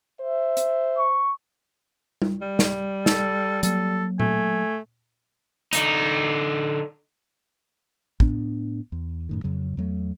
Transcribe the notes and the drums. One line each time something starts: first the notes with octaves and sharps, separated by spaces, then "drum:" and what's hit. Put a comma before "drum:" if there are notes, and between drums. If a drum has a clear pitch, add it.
C5 E5
drum: hi-hat
C#6
drum: tom G3
G3
drum: snare
A4, drum: snare
F#3 A#3 A4, drum: hi-hat
A3 G#5, drum: tom A#2
D3 D#4, drum: hi-hat
A2 B3 D4, drum: kick
E2
F#2 A2 D#3
F2 C#3 F#3
E2 F#3 A3